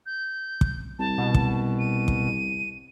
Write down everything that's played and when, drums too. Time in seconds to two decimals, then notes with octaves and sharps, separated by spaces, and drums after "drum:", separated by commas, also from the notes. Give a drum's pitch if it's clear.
0.06 G6
0.61 drum: kick
0.99 C2 A5
1.18 B2
1.34 drum: kick
1.79 D#7
2.08 drum: kick